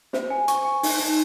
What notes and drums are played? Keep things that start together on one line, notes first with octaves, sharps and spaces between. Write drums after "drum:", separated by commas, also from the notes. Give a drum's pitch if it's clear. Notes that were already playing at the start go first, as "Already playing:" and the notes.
C5, drum: snare
G#5
C#6, drum: hi-hat
G#5
D#4, drum: open hi-hat
D#4